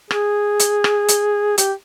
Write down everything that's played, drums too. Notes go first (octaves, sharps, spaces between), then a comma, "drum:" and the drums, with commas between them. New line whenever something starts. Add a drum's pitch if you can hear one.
G#4, drum: rim click
drum: hi-hat
drum: rim click
drum: hi-hat
G4, drum: hi-hat